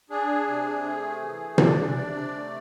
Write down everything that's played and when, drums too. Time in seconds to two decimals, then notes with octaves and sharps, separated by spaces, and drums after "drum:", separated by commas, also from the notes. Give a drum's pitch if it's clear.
0.10 D4 G#4
0.47 C3
0.84 A3
1.21 E3
1.58 D4 D5, drum: tom
1.95 C3
2.33 A3